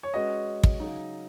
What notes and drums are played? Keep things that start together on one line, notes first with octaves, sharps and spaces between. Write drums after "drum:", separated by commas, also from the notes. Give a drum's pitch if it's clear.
C#5
G#3 C#4 F#4 B4 D#5
drum: kick
C#3 F#3 D#4